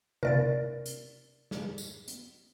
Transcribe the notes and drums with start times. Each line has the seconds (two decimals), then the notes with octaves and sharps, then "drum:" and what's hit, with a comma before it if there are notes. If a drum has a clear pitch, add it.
0.23 A#4 D5 A6, drum: tom C3
0.86 drum: hi-hat
1.51 drum: snare
1.78 drum: tambourine
2.08 drum: hi-hat